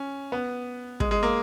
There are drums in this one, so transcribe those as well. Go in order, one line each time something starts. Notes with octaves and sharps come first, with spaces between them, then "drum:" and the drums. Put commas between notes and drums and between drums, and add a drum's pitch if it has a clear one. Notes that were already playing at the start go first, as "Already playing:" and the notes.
Already playing: C#4
B3
G#3, drum: kick
G#3
A#3